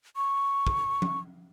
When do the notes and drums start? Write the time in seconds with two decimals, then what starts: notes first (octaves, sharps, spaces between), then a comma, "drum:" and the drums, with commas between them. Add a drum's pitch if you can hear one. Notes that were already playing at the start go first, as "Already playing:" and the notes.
0.16 C#6
0.67 drum: kick
1.02 drum: tom F3